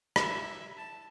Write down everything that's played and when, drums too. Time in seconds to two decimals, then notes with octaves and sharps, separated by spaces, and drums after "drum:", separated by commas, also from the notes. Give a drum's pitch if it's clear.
0.16 E4 E5, drum: rim click
0.76 A5